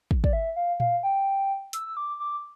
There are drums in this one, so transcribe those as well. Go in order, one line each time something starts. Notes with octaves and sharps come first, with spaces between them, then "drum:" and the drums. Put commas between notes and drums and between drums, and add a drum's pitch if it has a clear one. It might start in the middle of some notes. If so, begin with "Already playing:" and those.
drum: kick
D5, drum: kick
E5
F5
F5, drum: tom A#2
G5
E6, drum: hi-hat
E6
D6
D6